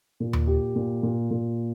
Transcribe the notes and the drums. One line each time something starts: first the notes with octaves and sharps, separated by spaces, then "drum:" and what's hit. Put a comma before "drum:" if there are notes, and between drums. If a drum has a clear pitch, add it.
A#2
drum: tom D#2
G4
A#2
A#2
A#2